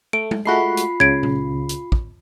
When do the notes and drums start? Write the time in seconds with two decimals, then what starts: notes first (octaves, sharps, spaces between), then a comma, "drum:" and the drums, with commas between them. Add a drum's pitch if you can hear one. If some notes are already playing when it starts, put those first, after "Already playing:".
0.13 A3 D7
0.31 drum: tom G#3
0.45 G#3 A3 F4 F#4 B5 C7
0.77 drum: hi-hat
1.00 C#2 C#3 G#6 D7
1.23 drum: tom A#2
1.69 drum: hi-hat
1.92 drum: kick